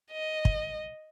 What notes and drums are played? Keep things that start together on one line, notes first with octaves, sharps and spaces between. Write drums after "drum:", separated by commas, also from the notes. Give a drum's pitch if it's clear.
D#5
drum: kick